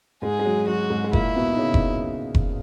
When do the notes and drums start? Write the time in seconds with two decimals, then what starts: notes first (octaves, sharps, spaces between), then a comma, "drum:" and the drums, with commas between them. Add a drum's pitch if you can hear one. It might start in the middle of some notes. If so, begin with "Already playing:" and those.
0.22 G#2 G#3 G#4
0.39 G#3
0.45 F#3
0.67 F#3 F#4
0.90 G#2 G#3
1.04 G#3
1.13 A#2 A#3 E4, drum: kick F1
1.36 B2 B3
1.53 D#4
1.58 C#3 C#4
1.74 drum: kick F1
2.35 drum: kick F1